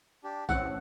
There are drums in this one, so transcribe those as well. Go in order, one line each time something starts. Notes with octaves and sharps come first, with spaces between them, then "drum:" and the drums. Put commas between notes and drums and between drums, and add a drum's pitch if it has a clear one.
D4 G4
A1 A2 C4 F#5 E6, drum: kick A1, tambourine